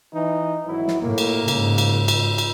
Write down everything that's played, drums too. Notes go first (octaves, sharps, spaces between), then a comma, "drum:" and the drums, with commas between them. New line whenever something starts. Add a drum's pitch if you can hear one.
E3 D#4
G#1 F#3 E4
drum: snare
A2 A#3
drum: cymbal
G#2 C#3, drum: cymbal
drum: cymbal
drum: cymbal
drum: cymbal